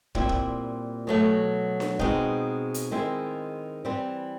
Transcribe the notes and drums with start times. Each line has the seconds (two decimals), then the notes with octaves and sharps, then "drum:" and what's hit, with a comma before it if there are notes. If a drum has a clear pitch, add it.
0.15 A#2 G3 C4 E4, drum: kick
0.29 drum: kick
1.07 B2 F#3 A3
1.80 drum: snare D4
1.99 B2 G#3 C4 D#4, drum: kick
2.74 drum: hi-hat
2.91 D#3 G#3 C4 E4
3.85 E3 G3 C4 E4